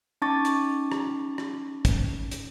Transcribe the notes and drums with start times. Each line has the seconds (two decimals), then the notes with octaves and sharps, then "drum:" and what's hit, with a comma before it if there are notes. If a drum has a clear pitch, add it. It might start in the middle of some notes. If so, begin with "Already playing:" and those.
0.22 C#4 D#4 A5 C#6 D6 A6
0.45 drum: hi-hat
0.92 drum: rim click
1.38 drum: rim click
1.85 drum: kick, hi-hat
2.31 drum: hi-hat